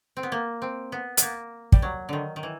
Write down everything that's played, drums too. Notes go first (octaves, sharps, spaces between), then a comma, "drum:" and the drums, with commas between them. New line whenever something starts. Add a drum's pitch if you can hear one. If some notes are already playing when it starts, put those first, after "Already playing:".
C4
B3
A#3
C4
B3
A#3 B3, drum: hi-hat
G3, drum: kick
F#3
D3 D#3
D#3
E3